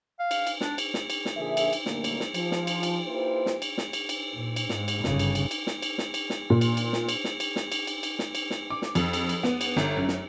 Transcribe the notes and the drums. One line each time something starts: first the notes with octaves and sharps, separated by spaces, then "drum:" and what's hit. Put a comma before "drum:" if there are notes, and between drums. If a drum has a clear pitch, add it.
F5
drum: cymbal
drum: cymbal
D4, drum: snare
drum: cymbal
drum: snare
drum: cymbal
drum: snare
A#2 D3 F3 G#4 A#4 E5
drum: cymbal
drum: cymbal
F#2 A#2 D3 G3 A3 A#3, drum: snare
drum: cymbal
drum: snare
F3, drum: cymbal
drum: snare
drum: cymbal
drum: cymbal
A#3 E4 F4 G4 B4 C5
drum: snare
drum: cymbal
drum: snare
drum: cymbal
drum: cymbal
A#2
drum: cymbal
G#2, drum: snare
drum: cymbal
G1 C#3, drum: snare
drum: cymbal
drum: cymbal
drum: cymbal
drum: snare
drum: cymbal
drum: snare
drum: cymbal
drum: snare
A#2
drum: cymbal
drum: cymbal
drum: snare
drum: cymbal
drum: snare
drum: cymbal
drum: snare
drum: cymbal
drum: cymbal
drum: cymbal
drum: snare
drum: cymbal
drum: snare
D6
drum: snare
F2, drum: cymbal
drum: cymbal
drum: cymbal
B3, drum: snare
drum: cymbal
G1, drum: snare
F#2
drum: snare